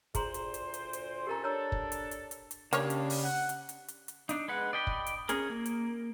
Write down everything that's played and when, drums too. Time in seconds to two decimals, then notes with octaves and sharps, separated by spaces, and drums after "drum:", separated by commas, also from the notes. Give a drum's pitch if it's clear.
0.15 D2 A#2 G#4 C5 A#5 C6, drum: kick, hi-hat
0.34 drum: hi-hat
0.54 drum: hi-hat
0.74 drum: hi-hat
0.93 drum: hi-hat
1.27 F2 C#4 G4 A4 A#4 A#5
1.44 D4 A4 C#5 A#5 E6
1.72 drum: kick
1.92 drum: hi-hat
2.11 drum: hi-hat
2.31 drum: hi-hat
2.51 drum: hi-hat
2.73 C#3 A#3 C#4 D4 G4 C#5, drum: hi-hat
2.90 drum: hi-hat
3.10 drum: open hi-hat
3.24 F#5
3.49 drum: hi-hat
3.69 drum: hi-hat
3.88 drum: hi-hat
4.08 drum: hi-hat
4.29 D4 D#4, drum: hi-hat
4.48 G#3 B4 F#5
4.73 D5 D#5 G5 B5
4.87 drum: kick
5.07 drum: hi-hat
5.29 C#4 G#4 A#4, drum: hi-hat
5.50 A#3
5.66 drum: hi-hat